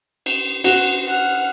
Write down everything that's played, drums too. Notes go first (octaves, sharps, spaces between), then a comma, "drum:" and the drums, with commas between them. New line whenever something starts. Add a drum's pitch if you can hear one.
drum: cymbal
F#4, drum: cymbal
F#5 F6